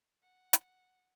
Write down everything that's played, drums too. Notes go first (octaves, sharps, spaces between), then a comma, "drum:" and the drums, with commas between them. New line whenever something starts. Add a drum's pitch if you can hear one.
F#5
drum: hi-hat